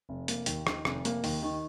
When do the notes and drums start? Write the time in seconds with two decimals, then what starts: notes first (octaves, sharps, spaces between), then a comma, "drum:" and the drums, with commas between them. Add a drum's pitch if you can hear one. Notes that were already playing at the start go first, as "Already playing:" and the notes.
0.09 F1
0.28 A#3, drum: hi-hat
0.46 D#2, drum: hi-hat
0.67 D#3, drum: rim click
0.85 F1, drum: rim click
1.05 A#3, drum: hi-hat
1.24 D#2, drum: open hi-hat
1.43 D#3